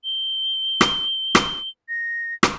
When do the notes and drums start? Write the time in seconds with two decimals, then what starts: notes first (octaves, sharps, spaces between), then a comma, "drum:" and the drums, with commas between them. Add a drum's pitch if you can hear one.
0.04 G7
0.81 drum: rim click
1.35 drum: rim click
1.89 A#6
2.43 drum: rim click